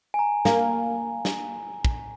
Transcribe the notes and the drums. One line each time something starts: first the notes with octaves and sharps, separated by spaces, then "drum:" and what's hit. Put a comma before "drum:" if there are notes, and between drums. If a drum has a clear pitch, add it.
G#5
A#5
A#3, drum: snare
drum: snare
drum: kick